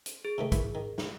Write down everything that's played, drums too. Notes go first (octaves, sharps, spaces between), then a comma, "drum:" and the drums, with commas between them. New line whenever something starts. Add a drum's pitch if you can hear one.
drum: hi-hat
G#4
C3 D#3 A3
E3 B5, drum: kick, hi-hat
D#3
drum: snare